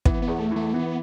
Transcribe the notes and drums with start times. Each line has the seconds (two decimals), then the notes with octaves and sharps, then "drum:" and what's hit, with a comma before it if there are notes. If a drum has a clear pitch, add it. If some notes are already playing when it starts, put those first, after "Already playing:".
0.05 E3 B3, drum: kick
0.22 B3
0.28 E2
0.39 A3
0.51 E3
0.56 A3
0.73 E3 B3